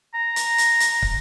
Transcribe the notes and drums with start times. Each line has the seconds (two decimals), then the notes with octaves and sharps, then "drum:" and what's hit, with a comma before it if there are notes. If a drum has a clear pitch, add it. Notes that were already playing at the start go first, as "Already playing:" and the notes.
0.14 A#5
0.36 drum: hi-hat
0.58 drum: hi-hat
0.80 drum: hi-hat
1.02 drum: kick